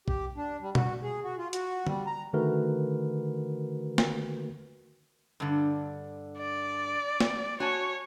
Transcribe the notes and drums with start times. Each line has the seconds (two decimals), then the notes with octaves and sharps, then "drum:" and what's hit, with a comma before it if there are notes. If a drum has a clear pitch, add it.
0.08 G4, drum: kick
0.37 D4
0.61 G3
0.75 F#4, drum: tom B2
1.03 G#4
1.24 F#4
1.38 F4
1.53 F#4, drum: hi-hat
1.87 G3, drum: tom D3
2.07 A#5
2.33 D3 D#3 A3 F#4 A#4 B4
3.98 drum: snare
5.40 G2 D3
6.38 D5
7.20 drum: snare
7.60 F#4 C#5 G#5 A5